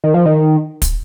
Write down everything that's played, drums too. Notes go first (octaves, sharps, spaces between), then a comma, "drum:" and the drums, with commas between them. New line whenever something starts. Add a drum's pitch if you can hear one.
D#3
F3
D#3
drum: kick, hi-hat